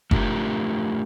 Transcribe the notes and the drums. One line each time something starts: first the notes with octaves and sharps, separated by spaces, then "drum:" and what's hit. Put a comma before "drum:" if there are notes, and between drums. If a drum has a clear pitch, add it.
A3 D4 F4 G4 A#4, drum: kick F#1